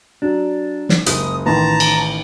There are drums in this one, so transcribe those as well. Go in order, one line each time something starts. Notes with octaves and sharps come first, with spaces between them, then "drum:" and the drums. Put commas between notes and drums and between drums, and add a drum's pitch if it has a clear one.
F#3 D4
drum: snare
F#1 C#2 D#6, drum: hi-hat
A1 D#3 B4 A5 A#5 C6
drum: cymbal